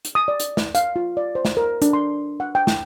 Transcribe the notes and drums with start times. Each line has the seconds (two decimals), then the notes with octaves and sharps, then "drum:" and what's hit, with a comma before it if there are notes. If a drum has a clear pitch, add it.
0.05 drum: hi-hat
0.15 D#6
0.28 D5
0.40 drum: hi-hat
0.57 drum: snare
0.75 F5, drum: hi-hat
0.96 F4
1.17 D5
1.35 C5
1.45 drum: snare
1.57 A#4
1.82 D4, drum: hi-hat
1.93 C6
2.40 F#5
2.55 G5
2.67 drum: snare